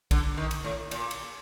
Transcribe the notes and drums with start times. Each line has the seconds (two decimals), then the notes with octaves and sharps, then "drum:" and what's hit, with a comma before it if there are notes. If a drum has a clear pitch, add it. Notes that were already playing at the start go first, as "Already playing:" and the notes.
0.11 D3, drum: kick A#1, cymbal
0.37 D#3
0.51 drum: cymbal
0.64 A2
0.91 A#2, drum: cymbal
1.11 drum: cymbal